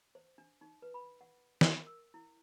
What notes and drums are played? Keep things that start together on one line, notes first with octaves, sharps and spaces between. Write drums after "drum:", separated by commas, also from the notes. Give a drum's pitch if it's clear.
C5
D4
D#4
B4
B5
F#5
A#4, drum: snare
E6
E4